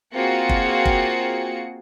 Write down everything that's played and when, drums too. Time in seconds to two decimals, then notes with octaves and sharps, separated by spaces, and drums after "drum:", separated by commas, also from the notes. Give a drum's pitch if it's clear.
0.13 A#3 C4 F4 F#4 G#4 C#7
0.49 drum: kick
0.85 drum: kick